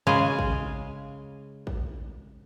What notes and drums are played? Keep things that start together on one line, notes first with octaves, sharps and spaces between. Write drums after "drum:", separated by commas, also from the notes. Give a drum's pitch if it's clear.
C#3 G#3 F5 G#5
drum: kick
drum: kick